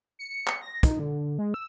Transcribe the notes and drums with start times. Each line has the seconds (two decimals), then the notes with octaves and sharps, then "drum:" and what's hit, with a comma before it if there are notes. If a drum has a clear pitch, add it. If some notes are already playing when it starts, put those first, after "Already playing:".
0.19 C#7
0.47 drum: clap
0.62 A#6
0.83 D#4, drum: kick, hi-hat
0.99 D3
1.39 G#3
1.54 E6